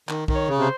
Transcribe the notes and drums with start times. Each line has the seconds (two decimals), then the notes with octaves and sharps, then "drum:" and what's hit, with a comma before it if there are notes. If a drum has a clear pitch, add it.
0.09 D#3, drum: clap
0.28 D#3, drum: kick B1
0.35 C#5
0.48 C#3
0.58 C3 C5